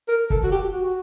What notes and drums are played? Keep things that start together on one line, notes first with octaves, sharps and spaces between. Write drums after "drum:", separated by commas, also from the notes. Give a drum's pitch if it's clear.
A#4
A4, drum: kick
F#4
G4
F#4